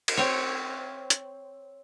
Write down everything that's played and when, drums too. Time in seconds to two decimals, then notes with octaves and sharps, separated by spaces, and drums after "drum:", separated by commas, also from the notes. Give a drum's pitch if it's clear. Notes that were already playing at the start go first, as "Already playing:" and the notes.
0.08 drum: cymbal
0.17 C4 C#5
1.10 drum: hi-hat